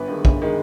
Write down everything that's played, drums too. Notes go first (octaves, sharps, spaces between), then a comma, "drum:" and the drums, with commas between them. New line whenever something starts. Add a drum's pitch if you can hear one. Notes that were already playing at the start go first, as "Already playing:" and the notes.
Already playing: G1 B4
G2 D#3 G#3
G1, drum: kick
D#3 G#3